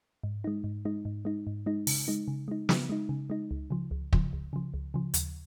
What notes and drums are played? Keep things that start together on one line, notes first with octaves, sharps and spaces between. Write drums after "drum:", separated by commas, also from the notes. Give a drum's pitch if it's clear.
G#2
G#3 D#4
G#2
G#3 D#4
G#2
G#3 D#4
G#2
G#3 D#4
C#3, drum: open hi-hat
G#3 D#4
C#3
G#3 D#4
C#3, drum: snare
G#3 D#4
C#3
G#3 D#4
C#2
C#3 F3
C#2
C#3 F3, drum: kick
C#2
C#3 F3
C#2
C#3 F3
D#2, drum: hi-hat